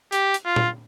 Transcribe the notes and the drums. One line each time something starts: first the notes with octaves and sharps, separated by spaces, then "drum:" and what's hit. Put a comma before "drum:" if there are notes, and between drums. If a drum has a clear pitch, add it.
G4, drum: hi-hat
drum: hi-hat
F4
drum: tom A#2